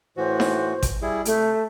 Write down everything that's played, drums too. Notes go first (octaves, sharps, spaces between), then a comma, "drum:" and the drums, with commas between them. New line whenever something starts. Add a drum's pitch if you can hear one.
A2 E3 F#4 C5
drum: snare D#4
drum: kick G#1, hi-hat
G3 E4 G#4
C3 A3, drum: hi-hat